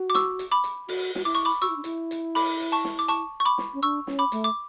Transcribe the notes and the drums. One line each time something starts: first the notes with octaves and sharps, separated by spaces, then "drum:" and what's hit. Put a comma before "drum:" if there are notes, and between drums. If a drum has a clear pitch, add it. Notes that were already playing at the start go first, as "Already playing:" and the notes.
Already playing: F#4
D6
C#6 E6, drum: snare
drum: hi-hat
B5 D6
drum: hi-hat
F#4, drum: open hi-hat
F#4, drum: snare
E4 D6
C#6, drum: hi-hat
B5 D6
F#4 C#6 E6, drum: hi-hat
E4
D4
E4, drum: hi-hat
drum: hi-hat
B5 D6, drum: open hi-hat
drum: hi-hat
A5 C#6
drum: snare
D6
A5 C#6, drum: hi-hat
C#6
B5 D6
drum: snare
C#4
D4 C#6 E6
C#4, drum: snare
B5 D6
A3, drum: hi-hat
D6